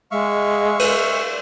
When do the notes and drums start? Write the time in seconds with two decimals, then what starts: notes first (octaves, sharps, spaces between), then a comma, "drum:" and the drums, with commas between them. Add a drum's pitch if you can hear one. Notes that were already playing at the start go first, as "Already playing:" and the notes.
0.11 G#3 E5 F5 C#6
0.79 drum: cymbal